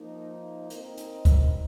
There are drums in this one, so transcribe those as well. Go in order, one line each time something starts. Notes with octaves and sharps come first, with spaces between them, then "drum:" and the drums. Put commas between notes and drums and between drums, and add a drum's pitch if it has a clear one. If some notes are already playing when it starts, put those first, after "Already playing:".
Already playing: F3 A#3 D#4
C4 D#4 A#4 D#5, drum: hi-hat
drum: hi-hat
drum: kick, hi-hat